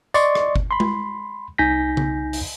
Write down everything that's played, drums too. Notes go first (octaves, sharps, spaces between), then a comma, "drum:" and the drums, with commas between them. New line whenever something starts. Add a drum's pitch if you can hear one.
D5 D#5 C6 C#6, drum: tambourine
drum: rim click
drum: kick G1
B5 C6
drum: tom G#3
C2 D#4 G#5 G6 A#6 B6
drum: tom C#3
drum: open hi-hat